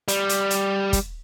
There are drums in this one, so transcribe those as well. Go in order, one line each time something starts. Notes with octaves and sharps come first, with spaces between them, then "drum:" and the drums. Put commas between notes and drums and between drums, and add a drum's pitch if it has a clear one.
G3, drum: hi-hat
drum: hi-hat
drum: hi-hat
drum: kick, hi-hat